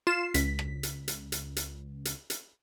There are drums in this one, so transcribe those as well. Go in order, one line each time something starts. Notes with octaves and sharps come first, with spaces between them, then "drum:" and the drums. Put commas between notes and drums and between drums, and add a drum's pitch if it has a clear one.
F4 C7 E7
C#2 B6, drum: hi-hat
drum: rim click
drum: hi-hat
drum: hi-hat
drum: hi-hat
drum: hi-hat
drum: hi-hat
drum: hi-hat